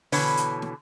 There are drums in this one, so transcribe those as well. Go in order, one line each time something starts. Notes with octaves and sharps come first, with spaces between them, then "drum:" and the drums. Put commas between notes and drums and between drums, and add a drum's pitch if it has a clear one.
B2 D3 E3 B4 C#5, drum: open hi-hat
drum: hi-hat
drum: snare